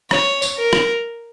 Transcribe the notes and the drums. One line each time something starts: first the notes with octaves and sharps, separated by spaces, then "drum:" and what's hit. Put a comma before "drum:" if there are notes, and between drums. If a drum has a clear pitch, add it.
C#5, drum: rim click
drum: tambourine
A#4
drum: rim click